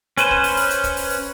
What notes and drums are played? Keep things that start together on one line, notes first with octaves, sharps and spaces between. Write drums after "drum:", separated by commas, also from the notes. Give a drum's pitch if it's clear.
C#4 B4 C5, drum: hi-hat
drum: kick
drum: open hi-hat
drum: open hi-hat
drum: hi-hat
drum: kick, hi-hat
drum: open hi-hat
drum: open hi-hat